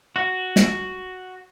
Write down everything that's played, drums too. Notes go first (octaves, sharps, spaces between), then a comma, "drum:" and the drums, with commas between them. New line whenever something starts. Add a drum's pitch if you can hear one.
F#4
drum: snare